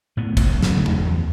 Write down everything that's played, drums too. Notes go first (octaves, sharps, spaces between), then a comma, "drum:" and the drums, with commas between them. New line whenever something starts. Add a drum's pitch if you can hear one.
A2 B3
F#1 B1 C#3, drum: kick, cymbal
F#1 B1 C#3 A3, drum: snare
drum: tom E2
E2